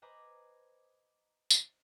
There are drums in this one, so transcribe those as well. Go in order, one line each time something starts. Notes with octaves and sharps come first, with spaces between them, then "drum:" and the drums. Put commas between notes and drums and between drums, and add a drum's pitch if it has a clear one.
B4 C5 D#5 G#5 A#5 D6
drum: tambourine